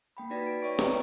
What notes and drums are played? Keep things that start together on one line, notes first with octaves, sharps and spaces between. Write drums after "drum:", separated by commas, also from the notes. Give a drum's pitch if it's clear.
A#3 G5 B5
D#4 F#4 B4 D5 A#6 B6
D7
C#5 D5 E5 G5 C#6 D7
B4 G5 A#5, drum: snare